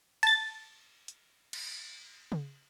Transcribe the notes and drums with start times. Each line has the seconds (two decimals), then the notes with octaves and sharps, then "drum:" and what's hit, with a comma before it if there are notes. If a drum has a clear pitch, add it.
0.23 A5 A6, drum: cymbal
1.08 drum: hi-hat
1.53 drum: cymbal
2.32 drum: tom C#3